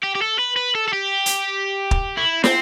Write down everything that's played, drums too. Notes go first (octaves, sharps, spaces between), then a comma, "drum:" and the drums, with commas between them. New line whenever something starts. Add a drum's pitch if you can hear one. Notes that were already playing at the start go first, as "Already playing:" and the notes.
G4
G4
A4
B4
B4
A4
A4
G4
drum: hi-hat
drum: kick
E4
C4, drum: snare